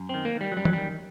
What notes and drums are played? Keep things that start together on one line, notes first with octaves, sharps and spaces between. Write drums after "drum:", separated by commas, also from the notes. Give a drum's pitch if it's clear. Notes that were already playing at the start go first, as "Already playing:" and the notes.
Already playing: F#2
D#3 C4
A#3
D#3
G3
F#3
F#2 G3
F#3, drum: tom
D#3 G3